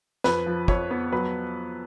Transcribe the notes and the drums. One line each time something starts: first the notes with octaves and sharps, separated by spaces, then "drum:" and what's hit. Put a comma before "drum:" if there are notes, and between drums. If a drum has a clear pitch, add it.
F2 B4, drum: snare
F3
F2 C#5, drum: kick
B3
F#3 B4